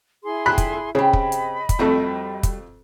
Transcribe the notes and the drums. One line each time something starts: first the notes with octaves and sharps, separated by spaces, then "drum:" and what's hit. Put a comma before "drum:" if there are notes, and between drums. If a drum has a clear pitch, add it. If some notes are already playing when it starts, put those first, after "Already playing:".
E4 G#4 C6
F2 D3 B5 F#6
drum: kick, hi-hat
C#3 C4 G4 D#5 B5
drum: kick
drum: hi-hat
drum: kick, hi-hat
F2 G3 A3 C4 F#4
drum: kick, hi-hat